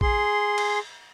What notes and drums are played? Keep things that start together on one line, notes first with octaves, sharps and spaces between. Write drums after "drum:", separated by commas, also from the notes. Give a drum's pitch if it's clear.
G#4 C6, drum: kick
drum: cymbal